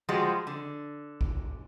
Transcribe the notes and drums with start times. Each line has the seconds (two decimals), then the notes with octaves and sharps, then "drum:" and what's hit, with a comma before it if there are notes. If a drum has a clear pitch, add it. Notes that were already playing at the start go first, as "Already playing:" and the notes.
0.09 F3 G3 G#3 F#4
0.47 D3
1.21 drum: kick G#1